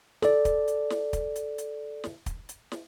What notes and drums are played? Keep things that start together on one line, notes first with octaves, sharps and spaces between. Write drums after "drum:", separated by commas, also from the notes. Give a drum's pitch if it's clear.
A4 D5, drum: snare
drum: kick, hi-hat
drum: hi-hat
drum: snare
drum: kick, hi-hat
drum: hi-hat
drum: hi-hat
drum: snare
drum: kick, hi-hat
drum: hi-hat
drum: snare